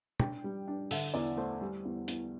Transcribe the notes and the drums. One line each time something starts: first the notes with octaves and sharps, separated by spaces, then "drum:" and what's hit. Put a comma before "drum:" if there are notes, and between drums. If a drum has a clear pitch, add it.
D4 G5, drum: tom
G3
D4
D3 E5, drum: open hi-hat
E2 D5
A3 C5
G3
E2
E2, drum: hi-hat